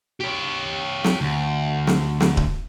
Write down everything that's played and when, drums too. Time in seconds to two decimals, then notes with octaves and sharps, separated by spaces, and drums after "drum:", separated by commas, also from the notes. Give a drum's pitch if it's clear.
0.20 G4 C#5
1.04 drum: snare
1.21 D2
1.87 drum: snare
2.20 drum: snare
2.37 drum: kick D1